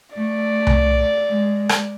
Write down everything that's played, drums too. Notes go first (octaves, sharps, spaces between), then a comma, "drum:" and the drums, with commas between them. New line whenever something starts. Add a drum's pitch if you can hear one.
A3 D5
drum: tom C2
G#3
drum: rim click